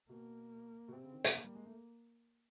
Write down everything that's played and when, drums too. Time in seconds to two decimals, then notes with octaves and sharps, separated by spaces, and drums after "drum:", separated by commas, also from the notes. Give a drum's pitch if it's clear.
0.09 B2 A#3
0.88 B2
0.92 C3 C4
1.03 C#3
1.13 D#3
1.24 F3, drum: hi-hat
1.34 A#3
1.44 G3
1.55 G#3
1.65 A3